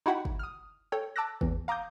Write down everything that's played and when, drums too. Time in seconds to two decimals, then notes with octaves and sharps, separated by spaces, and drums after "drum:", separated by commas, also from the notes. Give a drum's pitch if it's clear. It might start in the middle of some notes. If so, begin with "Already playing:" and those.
0.06 D#4 E4 F#4 F#5 G5 B5
0.25 drum: kick
0.39 D#6 F6
0.92 A4 C#5 G5
1.16 A5 D6 E6 F#6 A#6
1.41 E2 E3, drum: kick
1.68 F5 A#5 D6 D#6 G6